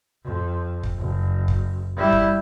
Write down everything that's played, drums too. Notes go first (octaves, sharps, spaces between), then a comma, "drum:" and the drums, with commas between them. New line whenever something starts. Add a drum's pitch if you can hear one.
F2
drum: kick
F#1
drum: kick
G3 E4
drum: kick